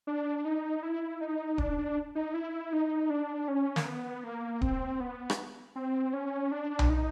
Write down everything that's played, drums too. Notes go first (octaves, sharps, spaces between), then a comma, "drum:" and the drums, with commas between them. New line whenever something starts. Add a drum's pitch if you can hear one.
D4
D#4
E4
D#4
D4, drum: kick D1
D4
D#4
E4
D#4
D4
C#4
A#3, drum: snare
B3
A#3
C4, drum: kick D1
B3
drum: rim click
C4
C#4
D4
drum: tom B1
D#4